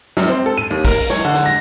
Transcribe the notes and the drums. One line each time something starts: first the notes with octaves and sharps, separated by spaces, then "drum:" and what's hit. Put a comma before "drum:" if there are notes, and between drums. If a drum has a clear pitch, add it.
F#2, drum: snare
C4
A4
D#7
D#2
A#4, drum: kick, open hi-hat
C#5, drum: snare
D3
drum: snare
A#6